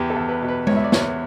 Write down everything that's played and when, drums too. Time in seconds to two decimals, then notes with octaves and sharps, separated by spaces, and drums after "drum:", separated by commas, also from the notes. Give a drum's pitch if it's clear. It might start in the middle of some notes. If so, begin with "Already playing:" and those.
Already playing: E2 G4
0.10 A4
0.16 E2
0.29 B4
0.42 B2
0.48 B4
0.67 E2 C#5, drum: tom G#3
0.76 E5
0.84 D5
0.92 E2 C#5, drum: snare